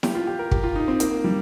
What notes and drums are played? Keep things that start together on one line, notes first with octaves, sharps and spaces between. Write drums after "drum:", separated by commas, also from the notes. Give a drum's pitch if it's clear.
G4, drum: snare E4
F4
G4
A#4
G4, drum: kick
F4
D#4
C4
A#3, drum: hi-hat
G3